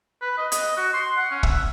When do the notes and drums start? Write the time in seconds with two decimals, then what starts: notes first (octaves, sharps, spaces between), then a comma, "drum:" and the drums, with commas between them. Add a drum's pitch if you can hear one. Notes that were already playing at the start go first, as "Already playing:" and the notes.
0.21 B4
0.38 D#5
0.52 D#5, drum: hi-hat
0.77 F#4
0.94 C6
1.17 F#5
1.31 C#4
1.43 E5, drum: kick